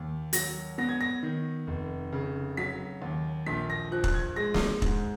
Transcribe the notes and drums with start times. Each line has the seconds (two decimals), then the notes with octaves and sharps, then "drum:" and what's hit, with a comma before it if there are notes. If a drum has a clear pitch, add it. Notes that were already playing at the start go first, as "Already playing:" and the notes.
Already playing: D#2
0.33 F#3 A#6, drum: hi-hat
0.78 B3 A#6
0.89 G#6
1.01 A#6
1.23 D#3
1.67 F1
2.12 C#3
2.57 F#3 B6
3.02 D#2
3.46 A#1 B6
3.70 A#6
3.91 F3 F#6
4.04 F#6, drum: kick
4.14 G#6
4.36 G#3 A#6
4.54 drum: snare
4.82 G#2, drum: kick